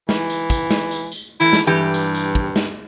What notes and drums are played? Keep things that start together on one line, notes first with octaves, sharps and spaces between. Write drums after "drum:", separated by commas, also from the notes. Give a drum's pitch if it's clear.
E3, drum: snare
drum: tambourine
drum: kick, tambourine
drum: snare
drum: tambourine
drum: tambourine
E3 A3 E4
drum: snare
G2 E3 G4
drum: tambourine
drum: tambourine
drum: kick
drum: snare